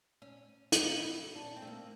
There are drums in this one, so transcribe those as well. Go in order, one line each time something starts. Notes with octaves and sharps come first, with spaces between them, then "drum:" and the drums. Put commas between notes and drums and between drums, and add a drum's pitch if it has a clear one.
C#4
drum: hi-hat
D#4
E4
F#4
D4
C#4
C4
A3
A#3